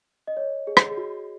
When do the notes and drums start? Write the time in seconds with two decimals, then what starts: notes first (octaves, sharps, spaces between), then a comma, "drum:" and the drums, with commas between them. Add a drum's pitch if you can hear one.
0.27 D#5
0.37 C#5
0.67 G#4
0.77 drum: rim click
0.91 G#4
0.97 F#4